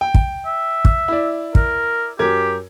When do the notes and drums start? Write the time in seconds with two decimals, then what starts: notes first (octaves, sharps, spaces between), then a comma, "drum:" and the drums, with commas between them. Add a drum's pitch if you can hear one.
0.01 G5
0.14 drum: kick
0.46 E5
0.85 drum: kick
1.08 E4 D5
1.55 A#4, drum: kick
2.19 F#2 G4 A#4 G#6